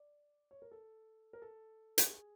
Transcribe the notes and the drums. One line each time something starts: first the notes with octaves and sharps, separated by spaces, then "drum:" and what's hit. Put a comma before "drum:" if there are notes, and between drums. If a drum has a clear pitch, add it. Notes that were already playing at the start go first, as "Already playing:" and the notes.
Already playing: D5
C#5
A#4
A4
A#4
A4
G4, drum: hi-hat
G#4